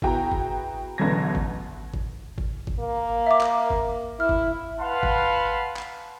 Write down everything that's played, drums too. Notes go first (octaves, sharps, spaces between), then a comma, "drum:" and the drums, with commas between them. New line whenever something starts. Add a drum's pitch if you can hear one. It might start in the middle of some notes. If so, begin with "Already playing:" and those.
B3 E4 F#4 G#4 G5 A#5, drum: kick
drum: kick
A1 B2 D3 F#3 G#6 A#6
drum: kick
drum: kick
drum: kick
drum: kick
A#3
E5 D6
drum: clap
drum: kick
E4 F6
drum: kick
B4 F5 F#5 A5 B5 C6
drum: kick
drum: clap